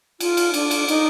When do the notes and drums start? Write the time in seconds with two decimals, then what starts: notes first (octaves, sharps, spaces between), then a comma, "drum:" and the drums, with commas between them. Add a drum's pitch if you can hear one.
0.20 F4, drum: cymbal
0.37 drum: cymbal
0.54 D4, drum: cymbal
0.71 drum: cymbal
0.88 D#4, drum: cymbal